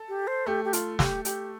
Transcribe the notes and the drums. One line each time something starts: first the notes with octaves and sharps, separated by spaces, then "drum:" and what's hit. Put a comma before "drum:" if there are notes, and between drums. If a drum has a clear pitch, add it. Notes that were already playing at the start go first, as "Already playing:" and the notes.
Already playing: A4
G4
C5
A3 G4
G4
F4, drum: hi-hat
G4, drum: snare
G4, drum: hi-hat